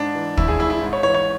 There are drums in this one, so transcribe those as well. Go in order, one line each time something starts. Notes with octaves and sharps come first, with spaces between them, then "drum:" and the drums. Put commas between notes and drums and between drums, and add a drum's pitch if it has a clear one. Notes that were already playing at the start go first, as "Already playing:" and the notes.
Already playing: G#2 D4
E3
G#1 E4, drum: kick
G#4
G#1 E4
E4
G#2
C#5
E3 C#5
C#5